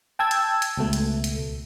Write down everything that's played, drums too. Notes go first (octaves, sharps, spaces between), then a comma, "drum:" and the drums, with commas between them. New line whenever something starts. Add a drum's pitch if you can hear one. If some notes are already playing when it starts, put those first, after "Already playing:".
G5 A5 E6 G#6
drum: hi-hat
drum: hi-hat
C#2 B2 A3
drum: hi-hat
drum: hi-hat